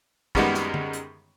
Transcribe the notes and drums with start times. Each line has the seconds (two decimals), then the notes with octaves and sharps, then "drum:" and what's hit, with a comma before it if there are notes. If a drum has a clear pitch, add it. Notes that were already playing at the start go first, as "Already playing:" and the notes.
0.35 F#2 D#3 G3 G#3 B3 F#4, drum: kick
0.54 drum: snare
0.74 drum: tom D3
0.93 drum: hi-hat